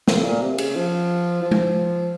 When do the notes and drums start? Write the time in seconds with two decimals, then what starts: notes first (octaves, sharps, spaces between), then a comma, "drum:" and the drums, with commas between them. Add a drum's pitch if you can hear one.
0.08 F2, drum: snare
0.24 A#2
0.42 C3
0.58 C#3, drum: cymbal
0.76 F3
1.42 F3
1.51 drum: tom G#3